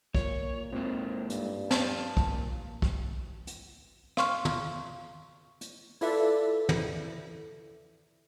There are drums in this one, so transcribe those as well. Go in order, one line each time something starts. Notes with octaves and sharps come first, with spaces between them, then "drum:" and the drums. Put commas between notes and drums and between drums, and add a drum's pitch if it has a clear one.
A#2 C#5, drum: kick
G#2 A#3 C4
G2, drum: hi-hat
F5 G5 A5, drum: snare
A#2, drum: kick
drum: kick
drum: hi-hat
F5 C6 C#6 F6, drum: rim click
drum: tom
drum: hi-hat
E4 F4 A4 B4 D5 E5, drum: open hi-hat
drum: tom